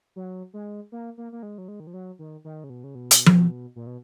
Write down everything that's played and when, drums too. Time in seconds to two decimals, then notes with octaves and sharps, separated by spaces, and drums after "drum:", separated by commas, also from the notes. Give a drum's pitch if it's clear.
0.16 F#3
0.54 G#3
0.92 A#3
1.18 A#3
1.32 A#3
1.43 G#3
1.58 F#3
1.68 G#3
1.80 D#3
1.87 F3
1.94 F#3
2.19 D#3
2.44 D#3
2.64 C#3
2.70 B2
2.84 C#3
2.95 B2
3.11 drum: hi-hat
3.26 drum: tom F3
3.76 A#2
3.87 B2